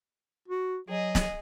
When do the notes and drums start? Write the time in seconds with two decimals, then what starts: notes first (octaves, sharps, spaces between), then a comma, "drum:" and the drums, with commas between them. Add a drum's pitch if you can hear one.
0.48 F#4
0.89 F#3 G#4 D#5
1.15 drum: snare